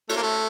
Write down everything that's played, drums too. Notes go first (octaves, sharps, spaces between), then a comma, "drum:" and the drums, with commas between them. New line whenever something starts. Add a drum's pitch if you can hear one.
A3, drum: cymbal
A#3
A3